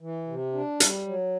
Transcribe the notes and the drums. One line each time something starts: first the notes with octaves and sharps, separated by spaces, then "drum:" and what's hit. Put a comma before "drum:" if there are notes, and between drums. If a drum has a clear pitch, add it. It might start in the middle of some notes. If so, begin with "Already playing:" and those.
E3
C3
D4
G3, drum: hi-hat
F#3